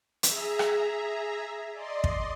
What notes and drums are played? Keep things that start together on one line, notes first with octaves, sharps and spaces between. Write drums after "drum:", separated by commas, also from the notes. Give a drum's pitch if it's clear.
G#4 E5 A#5, drum: hi-hat
drum: rim click
D5 D#5 C6
drum: kick